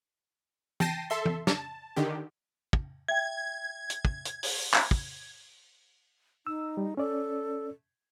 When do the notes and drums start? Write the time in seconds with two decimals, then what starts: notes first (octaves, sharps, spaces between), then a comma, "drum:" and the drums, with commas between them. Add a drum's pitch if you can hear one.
0.80 G5 A5 A#6 C7 D#7, drum: tom E3
1.10 A4 E5 C6
1.25 drum: tom E3
1.47 A5, drum: snare
1.96 D3 D#3 G4
2.73 drum: kick
3.08 E5 G5 G#6
3.90 drum: hi-hat
4.05 drum: kick
4.25 drum: hi-hat
4.43 drum: open hi-hat
4.74 drum: clap
4.91 drum: kick
6.47 D#4 E6
6.77 G3
6.97 C#4 A4 D5